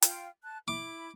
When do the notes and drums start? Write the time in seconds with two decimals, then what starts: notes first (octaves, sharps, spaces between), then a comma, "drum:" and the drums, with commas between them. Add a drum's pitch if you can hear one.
0.02 F4 G5, drum: hi-hat
0.43 A5 F#6
0.68 E4 B5 D6